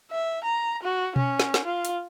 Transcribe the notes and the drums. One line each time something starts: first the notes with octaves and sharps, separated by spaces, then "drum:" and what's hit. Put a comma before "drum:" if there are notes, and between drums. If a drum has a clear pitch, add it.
E5
A#5
F#4
C#4, drum: tom B2
drum: snare
drum: snare
F4
drum: hi-hat